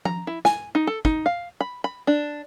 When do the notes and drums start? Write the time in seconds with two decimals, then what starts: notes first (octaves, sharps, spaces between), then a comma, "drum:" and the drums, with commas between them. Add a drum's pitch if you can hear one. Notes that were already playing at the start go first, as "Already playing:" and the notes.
0.05 A#5, drum: tom F3
0.27 E4
0.45 G#5, drum: snare
0.75 D#4
0.87 A4
1.05 D#4, drum: kick
1.26 F5
1.61 B5
1.84 B5
2.07 D4